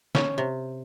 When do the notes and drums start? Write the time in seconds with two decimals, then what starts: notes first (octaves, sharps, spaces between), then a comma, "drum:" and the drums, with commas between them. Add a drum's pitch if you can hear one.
0.15 C#4, drum: snare
0.38 C3